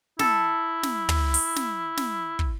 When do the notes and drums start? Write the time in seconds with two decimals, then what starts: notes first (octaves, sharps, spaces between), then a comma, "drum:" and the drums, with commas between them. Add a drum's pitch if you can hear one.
0.19 E4 A4, drum: snare
0.83 drum: snare
1.09 drum: tom
1.34 drum: open hi-hat
1.56 drum: snare
1.97 drum: snare
2.39 drum: kick